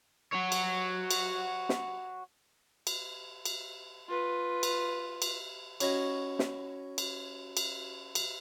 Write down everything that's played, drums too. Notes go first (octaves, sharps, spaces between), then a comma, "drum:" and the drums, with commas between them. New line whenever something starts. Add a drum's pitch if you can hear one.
F#4 C#5
drum: cymbal
drum: cymbal
drum: snare
drum: cymbal
drum: cymbal
F4 B4
drum: cymbal
drum: cymbal
C#4 E4 F#4 C#5 D#5, drum: cymbal
drum: snare
drum: cymbal
drum: cymbal
drum: cymbal